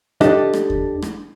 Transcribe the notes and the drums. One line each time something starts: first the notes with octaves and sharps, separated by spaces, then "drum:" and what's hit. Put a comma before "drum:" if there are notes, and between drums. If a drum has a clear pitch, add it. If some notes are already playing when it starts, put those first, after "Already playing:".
D4 G4 A4 D#5, drum: rim click
drum: rim click
drum: kick E2
drum: rim click